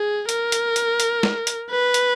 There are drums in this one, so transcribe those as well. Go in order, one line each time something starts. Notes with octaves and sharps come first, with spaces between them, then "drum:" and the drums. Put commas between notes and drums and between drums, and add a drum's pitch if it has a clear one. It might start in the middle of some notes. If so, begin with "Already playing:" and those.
Already playing: G#4
A#4, drum: hi-hat
drum: hi-hat
drum: hi-hat
drum: hi-hat
drum: snare
drum: hi-hat
B4
drum: hi-hat